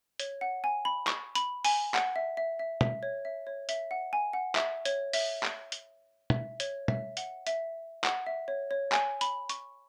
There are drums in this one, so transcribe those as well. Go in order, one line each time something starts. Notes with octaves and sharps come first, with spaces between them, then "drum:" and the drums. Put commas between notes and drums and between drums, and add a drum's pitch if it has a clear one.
C#5, drum: hi-hat
F#5
G#5
B5
C#6, drum: clap
B5, drum: hi-hat
G#5, drum: open hi-hat
F#5, drum: clap
E5
E5
E5
E5, drum: tom
C#5
E5
C#5
E5, drum: hi-hat
F#5
G#5
F#5
E5, drum: clap
C#5, drum: hi-hat
E5, drum: open hi-hat
drum: clap
drum: hi-hat
E5, drum: tom
C#5, drum: hi-hat
E5, drum: tom
F#5, drum: hi-hat
E5, drum: hi-hat
F#5, drum: clap
E5
C#5
C#5
G#5, drum: clap
B5, drum: hi-hat
C#6, drum: hi-hat